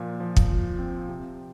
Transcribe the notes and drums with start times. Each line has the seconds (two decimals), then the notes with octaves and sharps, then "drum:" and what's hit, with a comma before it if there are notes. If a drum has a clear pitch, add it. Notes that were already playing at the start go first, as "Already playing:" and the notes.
Already playing: A#2 F3 F4
0.20 F3
0.37 drum: kick
0.50 F4
0.79 C4
1.09 C3